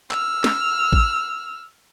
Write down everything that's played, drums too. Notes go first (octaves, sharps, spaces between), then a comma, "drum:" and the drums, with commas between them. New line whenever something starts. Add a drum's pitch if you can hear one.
E6 F6, drum: clap
drum: snare
drum: kick A1